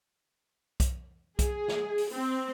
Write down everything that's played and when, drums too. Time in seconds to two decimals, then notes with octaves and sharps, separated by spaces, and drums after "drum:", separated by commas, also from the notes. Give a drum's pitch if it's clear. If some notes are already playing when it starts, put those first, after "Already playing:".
0.80 drum: kick B1, hi-hat
1.39 G#4, drum: kick B1, hi-hat
1.68 drum: snare
1.98 drum: open hi-hat
2.13 C4